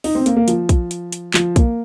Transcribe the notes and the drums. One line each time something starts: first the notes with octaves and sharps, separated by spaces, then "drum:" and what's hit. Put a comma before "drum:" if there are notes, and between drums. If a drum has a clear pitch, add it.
D#4, drum: open hi-hat
C4
A#3, drum: hi-hat
A#3
F3, drum: hi-hat
drum: kick, hi-hat
drum: hi-hat
drum: hi-hat
F3, drum: clap
A#3, drum: kick, hi-hat